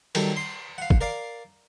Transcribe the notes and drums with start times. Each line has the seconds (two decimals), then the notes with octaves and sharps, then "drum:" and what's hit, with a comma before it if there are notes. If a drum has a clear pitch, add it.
0.15 D#3 F#3 G3 A4 G5, drum: cymbal
0.37 C6
0.78 F5 F#5
0.90 drum: kick
1.01 A#4 D5 F5